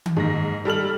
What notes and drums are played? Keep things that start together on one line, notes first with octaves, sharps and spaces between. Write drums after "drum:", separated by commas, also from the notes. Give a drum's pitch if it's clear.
drum: tom D#3
G#2 A#3 A#6
G3 A4 F6 F#7